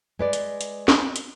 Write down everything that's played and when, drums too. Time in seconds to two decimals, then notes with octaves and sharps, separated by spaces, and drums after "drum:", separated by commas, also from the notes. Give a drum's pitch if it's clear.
0.19 G#3 B4 D5
0.33 drum: hi-hat
0.61 drum: hi-hat
0.88 drum: snare
1.16 drum: hi-hat